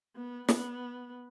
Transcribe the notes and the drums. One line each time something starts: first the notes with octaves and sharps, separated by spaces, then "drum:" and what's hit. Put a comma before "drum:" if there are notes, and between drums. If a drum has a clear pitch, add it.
B3
B3, drum: snare